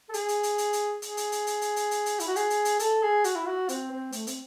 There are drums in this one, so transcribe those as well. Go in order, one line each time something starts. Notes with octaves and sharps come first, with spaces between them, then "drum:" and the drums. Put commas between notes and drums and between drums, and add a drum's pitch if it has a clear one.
A4
G#4, drum: hi-hat
drum: hi-hat
drum: hi-hat
drum: hi-hat
drum: hi-hat
G#4, drum: hi-hat
drum: hi-hat
drum: hi-hat
drum: hi-hat
drum: hi-hat
drum: hi-hat
drum: hi-hat
drum: hi-hat
E4, drum: hi-hat
F#4
G#4, drum: hi-hat
drum: hi-hat
drum: hi-hat
A4, drum: hi-hat
G#4
F#4, drum: hi-hat
E4
F#4
C4, drum: hi-hat
C4
A3, drum: hi-hat
C4, drum: hi-hat